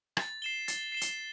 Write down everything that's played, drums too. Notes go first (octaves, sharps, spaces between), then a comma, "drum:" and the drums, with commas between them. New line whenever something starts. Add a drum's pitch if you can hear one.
A6, drum: rim click
C7 E7 G7
A6, drum: hi-hat
C7 E7 G7
drum: hi-hat